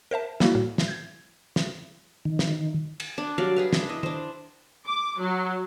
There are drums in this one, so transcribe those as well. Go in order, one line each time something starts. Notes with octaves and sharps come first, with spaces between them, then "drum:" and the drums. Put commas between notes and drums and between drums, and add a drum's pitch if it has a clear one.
A#4 C5 E5 A5
G3 A#3 E4 F#4, drum: snare
A2
drum: snare
G6 G#6
drum: snare
D#3
drum: snare
drum: cymbal
D4
F#3 G3 D5 F5
G#4 B4 F5
D4, drum: snare
E4 D#5
D4 C5, drum: tom
D6
F#3